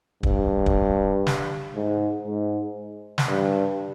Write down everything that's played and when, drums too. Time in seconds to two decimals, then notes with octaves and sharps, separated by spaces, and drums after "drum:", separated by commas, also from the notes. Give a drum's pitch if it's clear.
0.23 G2, drum: kick
0.66 drum: kick
1.27 drum: snare
1.76 G#2
2.27 G#2
3.18 drum: snare
3.28 G2